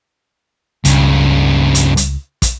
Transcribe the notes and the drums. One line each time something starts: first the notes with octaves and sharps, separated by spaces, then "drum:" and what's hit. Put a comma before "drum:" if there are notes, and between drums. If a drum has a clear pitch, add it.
C#2 G2 C#3, drum: hi-hat
drum: hi-hat
drum: hi-hat
drum: kick, hi-hat